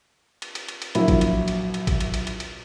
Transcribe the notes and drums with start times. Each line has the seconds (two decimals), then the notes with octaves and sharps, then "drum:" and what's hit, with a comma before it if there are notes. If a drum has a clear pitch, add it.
0.42 drum: cymbal
0.55 drum: cymbal
0.68 drum: cymbal
0.82 drum: cymbal
0.95 A#1 F#3 E4 A#4, drum: cymbal
1.08 drum: kick G#1, cymbal
1.21 drum: cymbal
1.48 drum: cymbal
1.74 drum: cymbal
1.87 drum: kick G#1, cymbal
2.00 drum: cymbal
2.14 drum: cymbal
2.27 drum: cymbal
2.40 drum: cymbal